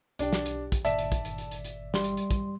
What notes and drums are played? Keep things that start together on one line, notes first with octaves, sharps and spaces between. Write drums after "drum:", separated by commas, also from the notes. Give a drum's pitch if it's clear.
B1 D4 G4, drum: hi-hat
drum: snare
drum: hi-hat
drum: kick, hi-hat
G1 A#2 D#3 D5 E5 A5, drum: hi-hat
drum: hi-hat
drum: kick, hi-hat
drum: hi-hat
drum: hi-hat
drum: hi-hat
drum: hi-hat
G3 C6, drum: snare
drum: hi-hat
drum: hi-hat
drum: kick, hi-hat